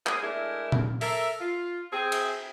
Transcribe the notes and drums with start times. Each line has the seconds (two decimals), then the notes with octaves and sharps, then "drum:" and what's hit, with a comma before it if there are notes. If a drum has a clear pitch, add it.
0.06 A#3 G#4, drum: clap
0.23 G#3 A3 D4 E4 A#4
0.72 drum: tom A#2
1.01 A4 A#4 E5, drum: open hi-hat
1.41 F4
1.93 C4 G#4
2.12 drum: cymbal